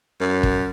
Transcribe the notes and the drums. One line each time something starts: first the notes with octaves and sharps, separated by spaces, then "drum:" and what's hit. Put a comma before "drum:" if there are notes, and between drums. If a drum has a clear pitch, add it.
F#2
drum: kick